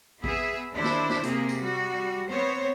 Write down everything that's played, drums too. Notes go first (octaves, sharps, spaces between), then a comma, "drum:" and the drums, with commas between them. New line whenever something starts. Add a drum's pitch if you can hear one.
B3 G#4 E5, drum: kick A1
D#2 D4 E4 C5
drum: snare
drum: snare
C3 A#3 G#4, drum: hi-hat
drum: tambourine
G3 F#4
B3 C4 C5 C#5